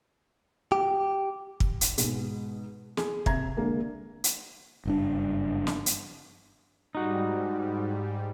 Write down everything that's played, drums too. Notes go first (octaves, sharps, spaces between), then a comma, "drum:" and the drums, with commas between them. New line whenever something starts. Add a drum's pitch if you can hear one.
G4
drum: kick
drum: hi-hat
G#2 B2 G#3, drum: hi-hat
G#4, drum: snare
C3 E5 A#5 G#6, drum: kick
D3 G#3 A#3
drum: hi-hat
F#1 G2 D4
drum: snare
drum: hi-hat
G#2 G3 D#4 F#4